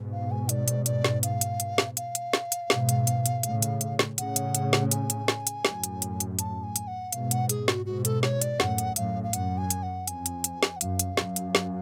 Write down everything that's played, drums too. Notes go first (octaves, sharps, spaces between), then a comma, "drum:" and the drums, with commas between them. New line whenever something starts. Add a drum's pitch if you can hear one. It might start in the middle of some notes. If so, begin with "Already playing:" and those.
Already playing: G#2 B2
F5
G#5
D5, drum: hi-hat
drum: hi-hat
D5, drum: hi-hat
drum: snare
F5, drum: hi-hat
drum: hi-hat
drum: hi-hat
drum: snare
F5, drum: hi-hat
drum: hi-hat
drum: snare
drum: hi-hat
G#2 B2, drum: snare
drum: hi-hat
drum: hi-hat
drum: hi-hat
A2 C#3, drum: hi-hat
drum: hi-hat
drum: hi-hat
drum: snare
A2 C#3 F#5, drum: hi-hat
drum: hi-hat
drum: hi-hat
drum: snare
G#5, drum: hi-hat
drum: hi-hat
drum: snare
drum: hi-hat
F#2 A2, drum: snare
drum: hi-hat
drum: hi-hat
drum: hi-hat
A5, drum: hi-hat
G#5
drum: hi-hat
F#5
G#2 B2 F5, drum: hi-hat
F#5, drum: hi-hat
G#4, drum: hi-hat
F#4, drum: snare
G#2 B2 F#4
A4, drum: hi-hat
C#5, drum: snare
D5, drum: hi-hat
F#2 A2 F#5, drum: snare
drum: hi-hat
F#2 A2 F5, drum: hi-hat
F5
F#2 F#5, drum: hi-hat
G#5
drum: hi-hat
F#5
F2 G#5, drum: hi-hat
drum: hi-hat
drum: hi-hat
drum: snare
F#5
F#2 F5, drum: hi-hat
drum: hi-hat
F#2, drum: snare
drum: hi-hat
drum: snare